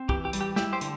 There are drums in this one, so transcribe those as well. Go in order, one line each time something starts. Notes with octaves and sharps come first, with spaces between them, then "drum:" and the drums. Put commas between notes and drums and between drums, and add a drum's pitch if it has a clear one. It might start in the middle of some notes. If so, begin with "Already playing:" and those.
Already playing: C4
E3 G4, drum: kick B1
G4
G3, drum: hi-hat
G4
E4 G4, drum: snare
G4 C5
D3, drum: hi-hat